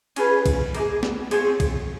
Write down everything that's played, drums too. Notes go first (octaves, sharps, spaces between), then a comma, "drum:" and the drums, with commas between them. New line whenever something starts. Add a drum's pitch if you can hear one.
C#4 F4 G#4 B4, drum: cymbal
drum: kick, cymbal
A#3 D#4 G#4, drum: cymbal
drum: snare
C4 F4 G#4 C#5, drum: cymbal
drum: kick, cymbal